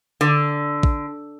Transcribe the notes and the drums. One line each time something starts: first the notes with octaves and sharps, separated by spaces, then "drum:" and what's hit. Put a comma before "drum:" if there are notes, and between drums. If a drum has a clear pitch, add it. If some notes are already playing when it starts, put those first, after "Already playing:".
D3
drum: kick